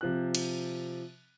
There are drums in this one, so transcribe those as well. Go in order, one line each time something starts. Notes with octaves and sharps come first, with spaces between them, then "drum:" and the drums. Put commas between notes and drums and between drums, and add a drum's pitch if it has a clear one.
C3 F3 F#6
drum: cymbal